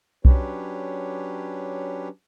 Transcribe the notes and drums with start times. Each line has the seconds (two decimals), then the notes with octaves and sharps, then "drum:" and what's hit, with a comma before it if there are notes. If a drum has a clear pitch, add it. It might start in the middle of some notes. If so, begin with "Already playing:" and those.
0.25 F#3 C#4 D4 G4 B4 C#5, drum: kick B1